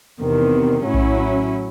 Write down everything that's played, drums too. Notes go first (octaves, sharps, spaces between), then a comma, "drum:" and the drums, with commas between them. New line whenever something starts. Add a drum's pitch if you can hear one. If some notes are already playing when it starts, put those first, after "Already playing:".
E2 C3 D#3
A2 F#3 C#4 E4
drum: kick A#1